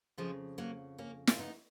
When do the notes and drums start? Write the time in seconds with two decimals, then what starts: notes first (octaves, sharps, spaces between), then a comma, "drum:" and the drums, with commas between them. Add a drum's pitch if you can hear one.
0.18 F2 C#3 F3 G#3
0.58 F#3 A#3
0.98 A#3 C#4
1.27 F4, drum: snare
1.38 B3 D#4